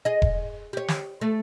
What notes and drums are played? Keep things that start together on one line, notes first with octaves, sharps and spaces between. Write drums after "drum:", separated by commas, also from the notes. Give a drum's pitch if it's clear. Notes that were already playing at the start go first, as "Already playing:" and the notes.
G#4 D#5
drum: kick E1
G4 C#5
drum: snare
A3